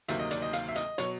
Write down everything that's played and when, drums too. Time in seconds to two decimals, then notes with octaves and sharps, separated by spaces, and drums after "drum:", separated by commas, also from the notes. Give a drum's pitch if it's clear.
0.08 D2 C3 D#3 F#3 A#3 E5, drum: hi-hat
0.19 D#5
0.31 D5, drum: hi-hat
0.42 D#5
0.53 F5, drum: hi-hat
0.69 E5
0.76 D#5, drum: hi-hat
0.98 B2 F#3 C#5, drum: hi-hat